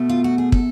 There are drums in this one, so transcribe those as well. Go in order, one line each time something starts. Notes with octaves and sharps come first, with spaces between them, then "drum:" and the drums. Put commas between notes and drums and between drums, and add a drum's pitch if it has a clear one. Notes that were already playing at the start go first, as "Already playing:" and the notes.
Already playing: B2 A3
F4
F#4
G#4
A4, drum: kick